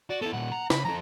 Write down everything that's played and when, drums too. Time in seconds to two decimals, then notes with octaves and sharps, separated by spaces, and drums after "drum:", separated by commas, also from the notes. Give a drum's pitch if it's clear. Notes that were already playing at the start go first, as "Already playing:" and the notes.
0.10 F#4 D5
0.21 B3 E4 A4
0.33 A#2 G3 F#5
0.52 A#5
0.70 C#3 B5, drum: snare
0.85 F2 A4 A#5